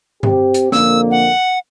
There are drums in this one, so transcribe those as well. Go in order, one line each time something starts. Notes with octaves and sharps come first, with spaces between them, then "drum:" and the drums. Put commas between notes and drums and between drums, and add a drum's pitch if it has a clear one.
C4 G4, drum: tom G2
drum: hi-hat
F2 D3 A#3 E6, drum: snare
F#5